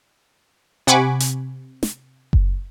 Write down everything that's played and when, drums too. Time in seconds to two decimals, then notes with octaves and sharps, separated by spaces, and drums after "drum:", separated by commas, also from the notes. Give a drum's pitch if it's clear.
0.87 C3 F#5 G#5 B5 C#6 D6
1.20 drum: hi-hat
1.83 drum: snare
2.33 drum: kick F#1